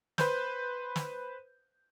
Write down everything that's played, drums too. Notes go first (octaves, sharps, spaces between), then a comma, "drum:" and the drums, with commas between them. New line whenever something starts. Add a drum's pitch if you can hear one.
B4 C5 G6, drum: snare
drum: snare